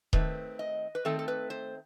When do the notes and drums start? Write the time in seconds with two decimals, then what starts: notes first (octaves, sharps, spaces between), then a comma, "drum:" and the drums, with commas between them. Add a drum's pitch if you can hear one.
0.13 D#3 A3 C4 B4, drum: kick D#1
0.59 D#5
0.95 B4
1.05 D#3 A3 C4 A4
1.19 A4
1.28 B4
1.50 C5